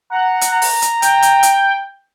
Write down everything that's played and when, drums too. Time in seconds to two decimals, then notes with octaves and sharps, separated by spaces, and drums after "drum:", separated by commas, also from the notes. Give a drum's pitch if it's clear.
0.11 F#5 A#5
0.41 drum: hi-hat
0.51 A#5
0.62 drum: open hi-hat
0.82 drum: hi-hat
1.02 G5, drum: hi-hat
1.22 drum: hi-hat
1.43 drum: hi-hat